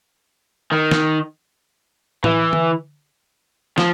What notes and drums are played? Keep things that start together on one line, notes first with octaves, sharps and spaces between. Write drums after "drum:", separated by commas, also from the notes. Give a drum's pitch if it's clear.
D#3
drum: snare
E3, drum: tom A2
drum: tom
F3, drum: snare